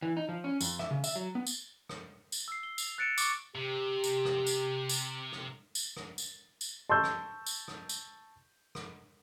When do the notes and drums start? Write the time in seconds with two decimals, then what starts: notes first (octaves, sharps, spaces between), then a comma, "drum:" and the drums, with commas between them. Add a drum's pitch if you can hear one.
0.02 E3
0.17 D#4
0.29 F3
0.44 C#4
0.61 F2, drum: tambourine
0.79 E5, drum: rim click
0.91 C#3
1.04 E5, drum: tambourine
1.16 F#3
1.35 B3
1.47 drum: tambourine
1.89 drum: rim click
2.32 drum: tambourine
2.48 E6 C7
2.63 G7
2.78 F7, drum: tambourine
2.98 F#6 A6 C#7 D7 E7
3.18 C#6 D6, drum: tambourine
3.55 C3 G4
4.04 drum: tambourine
4.25 drum: rim click
4.47 drum: tambourine
4.89 drum: tambourine
5.32 drum: rim click
5.75 drum: tambourine
5.97 drum: rim click
6.18 drum: tambourine
6.61 drum: tambourine
6.89 A5 C6 C#6 E6 G6
7.04 drum: rim click
7.47 drum: tambourine
7.68 drum: rim click
7.89 drum: tambourine
8.75 drum: rim click